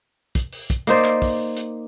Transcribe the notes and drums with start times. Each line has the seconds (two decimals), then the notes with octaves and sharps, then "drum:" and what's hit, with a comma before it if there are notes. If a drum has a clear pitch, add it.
0.35 drum: kick, hi-hat
0.53 drum: open hi-hat
0.70 drum: kick, hi-hat
0.87 A#3 D#4 C5 D5, drum: hi-hat
1.05 drum: clap
1.22 drum: kick, open hi-hat
1.57 drum: hi-hat